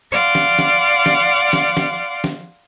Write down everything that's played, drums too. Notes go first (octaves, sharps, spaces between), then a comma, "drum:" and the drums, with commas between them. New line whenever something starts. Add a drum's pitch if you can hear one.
D5 F5 F#5 C6
drum: snare
drum: snare
drum: snare
drum: snare
drum: snare
drum: snare